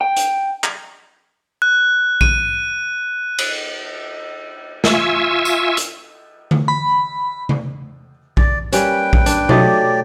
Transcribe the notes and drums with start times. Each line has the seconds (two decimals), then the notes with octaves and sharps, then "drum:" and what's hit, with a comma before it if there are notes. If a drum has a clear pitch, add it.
0.01 G5
0.16 drum: hi-hat
0.64 drum: clap
1.62 F#6
2.21 D#7, drum: kick A#1
3.38 drum: cymbal
4.84 F4 E5 G#5 C#6 E6, drum: snare
5.45 drum: tambourine
5.77 drum: hi-hat
6.51 drum: tom D3
6.68 B5
7.49 drum: tom C#3
8.37 D5, drum: kick A#1
8.73 G3 A#3 C#4 B4 G5, drum: hi-hat
9.13 drum: kick A#1
9.26 D4, drum: hi-hat
9.49 F#3 A3 G4 D5 D#5, drum: tom B2